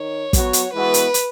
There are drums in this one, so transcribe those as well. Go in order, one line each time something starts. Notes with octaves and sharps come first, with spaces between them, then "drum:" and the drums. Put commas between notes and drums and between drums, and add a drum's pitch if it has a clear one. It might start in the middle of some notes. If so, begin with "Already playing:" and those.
Already playing: D#3 C#5
F#3 B3 F#4, drum: kick, hi-hat
drum: hi-hat
E3 G#3 B3 F#4 B4
drum: hi-hat
drum: hi-hat